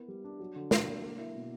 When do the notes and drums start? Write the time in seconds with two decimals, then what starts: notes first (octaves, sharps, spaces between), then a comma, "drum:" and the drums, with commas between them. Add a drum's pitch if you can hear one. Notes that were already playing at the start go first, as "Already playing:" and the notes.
Already playing: B3 E4 A#4
0.08 G3
0.24 D4
0.40 F#3
0.56 D3
0.71 D3, drum: snare
0.88 A#3
1.04 A#3
1.18 E4
1.35 B2